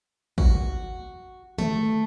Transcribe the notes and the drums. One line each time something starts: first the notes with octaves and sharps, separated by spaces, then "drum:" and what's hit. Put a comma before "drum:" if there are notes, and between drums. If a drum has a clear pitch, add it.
F#4, drum: kick
A3, drum: tom D3